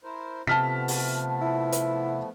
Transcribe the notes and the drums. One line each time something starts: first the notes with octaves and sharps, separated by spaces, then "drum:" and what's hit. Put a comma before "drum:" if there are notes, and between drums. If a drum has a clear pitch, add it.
E4 A#4 C5
C3 F3 A3 B3 A5 F6 B6
drum: open hi-hat
E4
drum: hi-hat